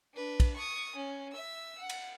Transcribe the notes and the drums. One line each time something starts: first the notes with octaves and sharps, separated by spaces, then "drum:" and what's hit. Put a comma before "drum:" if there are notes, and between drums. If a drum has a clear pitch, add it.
D4 B4
drum: kick, cymbal
C#6 D#6
C#4
E5 E6
F#5
drum: cymbal